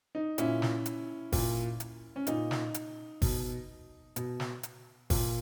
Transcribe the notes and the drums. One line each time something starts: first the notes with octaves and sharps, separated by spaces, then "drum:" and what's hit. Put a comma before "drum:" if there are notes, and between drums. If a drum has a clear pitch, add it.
D#4
A#2 C#4 E4, drum: hi-hat
drum: snare
drum: hi-hat
A#2, drum: kick, open hi-hat
drum: hi-hat
C#4
A#2 D#4, drum: hi-hat
drum: snare
drum: hi-hat
B2, drum: kick, open hi-hat
B2, drum: hi-hat
drum: snare
drum: hi-hat
A#2, drum: kick, open hi-hat